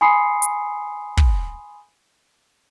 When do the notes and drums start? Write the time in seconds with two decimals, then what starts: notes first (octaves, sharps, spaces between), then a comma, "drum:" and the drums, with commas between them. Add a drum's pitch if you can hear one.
0.01 G#5 B5 C6 D#6 C7 C#7
0.42 drum: hi-hat
1.17 drum: kick